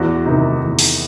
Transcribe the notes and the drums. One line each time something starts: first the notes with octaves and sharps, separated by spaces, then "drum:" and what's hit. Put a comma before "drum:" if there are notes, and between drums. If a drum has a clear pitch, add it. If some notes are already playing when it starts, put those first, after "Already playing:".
Already playing: E2 F#4
C3 D#3 D#4
E2
drum: open hi-hat